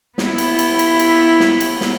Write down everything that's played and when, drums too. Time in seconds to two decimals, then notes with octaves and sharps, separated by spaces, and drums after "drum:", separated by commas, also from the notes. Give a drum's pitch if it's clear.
0.18 B3 E4, drum: snare
0.38 drum: cymbal
0.59 drum: cymbal
0.79 drum: cymbal
0.99 drum: cymbal
1.40 drum: snare
1.60 drum: cymbal
1.81 drum: snare